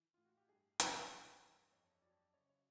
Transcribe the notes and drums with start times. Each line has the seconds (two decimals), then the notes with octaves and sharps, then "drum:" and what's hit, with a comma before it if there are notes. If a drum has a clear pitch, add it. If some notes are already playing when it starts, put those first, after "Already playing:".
Already playing: E3
0.14 A2 F4
0.25 F#4
0.37 G4
0.48 G2 G#4
0.80 G3, drum: hi-hat
1.10 E3 G#4
1.41 G2
1.71 F2 C#5
2.02 F#3 D5
2.33 C#3 C#5
2.49 C#5